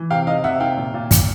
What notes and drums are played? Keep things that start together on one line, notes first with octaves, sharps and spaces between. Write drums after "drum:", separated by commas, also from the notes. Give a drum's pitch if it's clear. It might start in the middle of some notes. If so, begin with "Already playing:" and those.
Already playing: E3
C3 F5 G5
D#3 D#5 F5
C3 E5 F#5
D#3 F5 G5
A#2
A#2
A#2, drum: kick, hi-hat